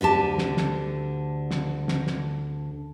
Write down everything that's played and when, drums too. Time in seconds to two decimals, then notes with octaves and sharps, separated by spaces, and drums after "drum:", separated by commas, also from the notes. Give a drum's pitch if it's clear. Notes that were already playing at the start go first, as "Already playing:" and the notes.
0.01 D2 D3 G4 A5
0.38 drum: snare
0.57 drum: snare
1.51 drum: snare
1.88 drum: snare
2.07 drum: snare